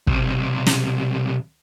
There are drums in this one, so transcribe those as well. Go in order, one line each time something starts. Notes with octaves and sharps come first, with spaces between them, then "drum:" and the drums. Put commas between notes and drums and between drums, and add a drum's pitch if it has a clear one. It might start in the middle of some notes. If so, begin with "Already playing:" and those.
B1 C3, drum: kick
drum: snare